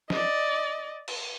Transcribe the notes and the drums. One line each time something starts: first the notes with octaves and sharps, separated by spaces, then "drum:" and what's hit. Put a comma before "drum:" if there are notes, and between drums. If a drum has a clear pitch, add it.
D5 D#5, drum: snare
drum: cymbal